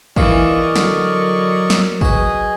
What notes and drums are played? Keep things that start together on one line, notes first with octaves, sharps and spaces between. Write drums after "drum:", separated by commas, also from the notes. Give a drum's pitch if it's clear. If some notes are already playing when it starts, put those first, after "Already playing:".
E2 E3 E4 F4 A#4 D5 D#5 C#6, drum: kick
D3 F#3, drum: snare
drum: snare
F#4 G#4 B4 D#5, drum: kick